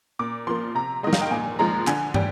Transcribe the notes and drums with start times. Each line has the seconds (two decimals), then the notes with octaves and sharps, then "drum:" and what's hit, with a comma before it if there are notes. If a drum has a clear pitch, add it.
0.19 A#2 D6
0.47 F3 A#3 C6
0.75 C3 A#5
1.03 D#3 G#3 D#5
1.13 F5, drum: snare
1.22 G5
1.31 A#2 G#5
1.59 F3 G#3 A#5
1.87 D3 G#5, drum: clap
2.14 G3 G5, drum: tom